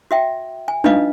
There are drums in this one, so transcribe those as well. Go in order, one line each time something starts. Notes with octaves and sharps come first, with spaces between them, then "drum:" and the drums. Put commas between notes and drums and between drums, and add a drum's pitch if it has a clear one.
F#4 E5 G5
G#5
D4 D#4 F4 B4 D#5 F5, drum: tom